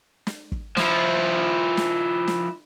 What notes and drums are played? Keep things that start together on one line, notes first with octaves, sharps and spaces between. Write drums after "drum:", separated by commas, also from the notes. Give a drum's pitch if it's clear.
drum: snare
drum: kick
F3 E4, drum: snare
drum: snare
drum: snare